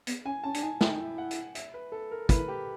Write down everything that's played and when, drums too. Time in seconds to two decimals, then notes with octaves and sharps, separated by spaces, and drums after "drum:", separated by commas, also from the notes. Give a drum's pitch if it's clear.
0.07 B3, drum: hi-hat
0.25 C#4 G#5
0.44 C#4 A5
0.54 D4, drum: hi-hat
0.62 D#4 G#5
0.81 E4 G5, drum: snare
0.91 D#4
1.00 E4
1.18 F#5
1.31 drum: hi-hat
1.55 E5, drum: hi-hat
1.74 B4
1.92 A4
2.11 A#4
2.29 E4 B4, drum: kick, hi-hat
2.48 G4